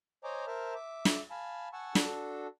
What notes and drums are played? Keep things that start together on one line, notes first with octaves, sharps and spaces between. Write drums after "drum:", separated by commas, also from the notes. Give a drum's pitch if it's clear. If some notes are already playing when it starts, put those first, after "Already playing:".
C5 C#5 D#5 G#5 A#5 D6
A#4 C5 E5 A5 F6
E5 D6
drum: snare
F5 G#5 A5 B5
F#5 G#5 A5 C#6 E6
D4 F#4 A4, drum: snare